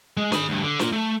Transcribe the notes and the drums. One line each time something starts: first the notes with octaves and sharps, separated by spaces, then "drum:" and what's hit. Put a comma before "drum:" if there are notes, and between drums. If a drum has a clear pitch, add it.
G#3
G#4 B5, drum: snare
D2 G2
D3
A#3 F4, drum: snare
A3